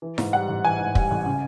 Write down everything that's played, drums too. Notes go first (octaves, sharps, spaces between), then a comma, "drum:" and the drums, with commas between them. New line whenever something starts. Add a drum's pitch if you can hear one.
E3
G#2, drum: snare E4
G3 F#5
A1
E3 G#5
G#2
G3, drum: kick
A1
C#3